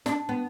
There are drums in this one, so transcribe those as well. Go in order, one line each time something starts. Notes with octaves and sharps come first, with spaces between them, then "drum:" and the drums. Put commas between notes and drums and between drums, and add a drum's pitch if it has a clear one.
D4, drum: snare
B3